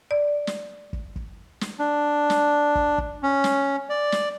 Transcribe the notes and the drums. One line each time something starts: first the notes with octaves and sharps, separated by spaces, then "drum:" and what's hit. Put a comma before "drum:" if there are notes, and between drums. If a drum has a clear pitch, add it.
D5
drum: snare
drum: kick
drum: kick
drum: snare
D4
drum: snare
drum: kick
drum: kick
C#4
drum: snare
D5
drum: snare